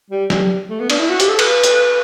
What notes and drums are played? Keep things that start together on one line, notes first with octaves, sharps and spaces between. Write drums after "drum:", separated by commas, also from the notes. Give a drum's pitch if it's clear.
G3
G3, drum: snare
A3
B3
D4, drum: cymbal
E4
F#4
G4, drum: hi-hat
A4
B4, drum: cymbal
drum: hi-hat